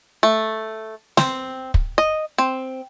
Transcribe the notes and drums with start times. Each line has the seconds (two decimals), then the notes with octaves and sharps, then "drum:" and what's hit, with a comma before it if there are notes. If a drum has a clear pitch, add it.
0.23 A3
1.17 C4, drum: snare
1.74 drum: kick
1.98 D#5
2.38 C4